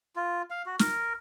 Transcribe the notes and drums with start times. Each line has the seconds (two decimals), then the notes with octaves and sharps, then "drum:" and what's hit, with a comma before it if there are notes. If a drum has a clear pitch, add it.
0.16 F4
0.51 F5
0.66 F#4
0.79 A#4, drum: snare